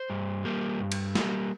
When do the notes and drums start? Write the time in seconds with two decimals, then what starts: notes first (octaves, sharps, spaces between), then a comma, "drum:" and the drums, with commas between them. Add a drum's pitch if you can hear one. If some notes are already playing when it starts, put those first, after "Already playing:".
Already playing: C5
0.10 G2
0.45 G3 A#3
0.80 G2
0.92 drum: cymbal
1.15 G3 A#3, drum: snare